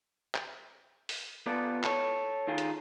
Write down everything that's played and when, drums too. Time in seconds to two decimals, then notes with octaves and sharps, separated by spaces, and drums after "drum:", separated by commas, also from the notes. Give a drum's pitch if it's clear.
0.35 drum: clap
1.09 drum: open hi-hat
1.46 B3 F4 A4 D5
1.83 A4 C#5, drum: clap
2.48 D#3 F4 G#4
2.58 drum: hi-hat